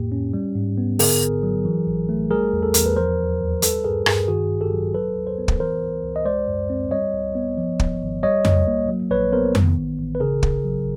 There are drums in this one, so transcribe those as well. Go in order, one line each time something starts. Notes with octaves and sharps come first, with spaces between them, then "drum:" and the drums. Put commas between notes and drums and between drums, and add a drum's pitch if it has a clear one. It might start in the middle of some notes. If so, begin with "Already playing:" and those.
Already playing: F2 A2 A#3 G4
C#4
G3
G#2
B3
D3 G#4 A#4, drum: open hi-hat
G#1
F#3
E3
A1
A3
G3 G#4 A#4
E2
A4
E2 A#4, drum: hi-hat
B4
F3 A#4 C5
D#2
D#2
G3 A4 B4, drum: hi-hat
G2 G#4 A#4
G2 G#4 A#4, drum: rim click
D#3 F#4 G#4
A1
G4 A4
F#3
F#3 A4 B4
D#2
A#4 C5
B3
drum: kick
E3 A#4 C5
C#2
C#2
D#5
G#3 C5 D5
F#2
C4
G3 C#5 D#5
C2
B3
F3
G#1, drum: kick
G#1
G3 C#5 D#5
C2, drum: tom F2
A#3
F#3
A#1 B4 C#5
B3 A#4 C5
D#3, drum: tom F2
A1
A1
B4
C#3 G#4 A#4
G1, drum: kick
F#3